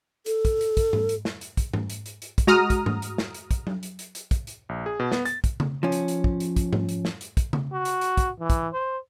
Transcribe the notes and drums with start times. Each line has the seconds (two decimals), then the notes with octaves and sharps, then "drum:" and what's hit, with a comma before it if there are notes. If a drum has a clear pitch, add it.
0.26 A4, drum: hi-hat
0.45 drum: kick, hi-hat
0.61 drum: hi-hat
0.77 drum: kick, hi-hat
0.93 drum: tom G#2
1.09 drum: hi-hat
1.25 drum: snare
1.41 drum: hi-hat
1.57 drum: kick, hi-hat
1.74 drum: tom G#2
1.90 drum: hi-hat
2.06 drum: hi-hat
2.22 drum: hi-hat
2.38 drum: kick, hi-hat
2.47 G#3 F#4 A#5 D#6 F6
2.70 drum: kick, hi-hat
2.86 drum: tom G#2
3.02 drum: hi-hat
3.18 drum: snare
3.34 drum: hi-hat
3.51 drum: kick, hi-hat
3.67 drum: tom F#3
3.83 drum: hi-hat
3.99 drum: hi-hat
4.15 drum: hi-hat
4.31 drum: kick, hi-hat
4.47 drum: hi-hat
4.69 A#1
4.86 G#4
5.00 B2
5.12 B3, drum: snare
5.25 A6, drum: hi-hat
5.44 drum: kick, hi-hat
5.60 drum: tom C#3
5.83 F3 C#4
5.92 drum: hi-hat
6.08 drum: hi-hat
6.24 drum: kick
6.40 drum: hi-hat
6.56 drum: kick, hi-hat
6.73 drum: tom G#2
6.89 drum: hi-hat
7.05 drum: snare
7.21 drum: hi-hat
7.37 drum: kick, hi-hat
7.53 drum: tom C#3
7.73 F#4
7.85 drum: hi-hat
8.01 drum: hi-hat
8.17 drum: kick, hi-hat
8.40 E3
8.50 drum: kick, hi-hat
8.73 C5